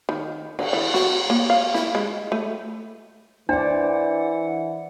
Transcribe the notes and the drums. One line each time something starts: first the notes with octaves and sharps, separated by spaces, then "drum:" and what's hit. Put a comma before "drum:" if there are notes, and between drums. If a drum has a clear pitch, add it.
D#3
D3, drum: cymbal
E3
F#4, drum: snare
A#3
F5
E4, drum: snare
G#3
A3
E3 D4 C5 D5 F#5